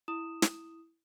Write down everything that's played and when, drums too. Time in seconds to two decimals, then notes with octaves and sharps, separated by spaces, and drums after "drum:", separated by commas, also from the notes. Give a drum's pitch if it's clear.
0.08 E4 D#6 E7
0.42 drum: snare